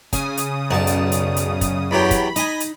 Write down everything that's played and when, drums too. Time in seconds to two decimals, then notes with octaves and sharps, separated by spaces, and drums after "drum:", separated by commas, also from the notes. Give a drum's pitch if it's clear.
0.13 C#3 G#5 D#6, drum: kick, hi-hat
0.37 drum: hi-hat
0.71 B1 F#2 D5 A5
0.87 drum: hi-hat
1.12 drum: hi-hat
1.36 drum: hi-hat
1.61 drum: kick, hi-hat
1.91 E2 F#3 G4 B5
2.11 drum: kick, hi-hat
2.36 D#4 D#5 G#5, drum: hi-hat
2.60 drum: hi-hat